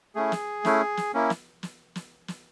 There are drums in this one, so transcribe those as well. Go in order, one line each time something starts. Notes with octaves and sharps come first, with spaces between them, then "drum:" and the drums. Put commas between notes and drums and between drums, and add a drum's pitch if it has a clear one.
A3 C#4 E4 G#4
drum: snare
A3 C#4 E4, drum: snare
drum: snare
A#3 C#4 E4
drum: snare
drum: snare
drum: snare
drum: snare